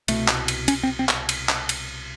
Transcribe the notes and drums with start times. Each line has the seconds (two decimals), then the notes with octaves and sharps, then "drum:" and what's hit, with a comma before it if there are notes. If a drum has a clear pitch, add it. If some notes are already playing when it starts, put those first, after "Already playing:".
0.08 C2 B2 A3, drum: cymbal
0.28 drum: clap
0.48 drum: cymbal
0.68 C#4, drum: cymbal
0.83 C4
0.99 C4
1.09 drum: clap
1.29 drum: cymbal
1.49 drum: clap
1.69 drum: cymbal